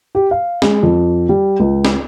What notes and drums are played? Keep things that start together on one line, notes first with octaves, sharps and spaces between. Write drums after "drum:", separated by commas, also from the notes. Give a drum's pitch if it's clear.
G4
F5
G#3, drum: snare
F2
G3
C#2
drum: snare